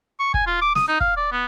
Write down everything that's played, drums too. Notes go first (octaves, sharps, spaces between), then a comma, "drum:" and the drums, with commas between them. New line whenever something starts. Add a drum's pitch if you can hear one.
C#6
G#5, drum: kick
F4
D6
D#6, drum: snare
D#4
F5, drum: kick
D5
B3